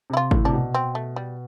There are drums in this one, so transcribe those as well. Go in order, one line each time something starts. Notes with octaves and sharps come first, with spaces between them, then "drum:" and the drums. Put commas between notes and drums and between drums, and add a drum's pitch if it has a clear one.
C3 E4
F4
A2, drum: kick G#1
C3 D4
B2
C4
A3
G3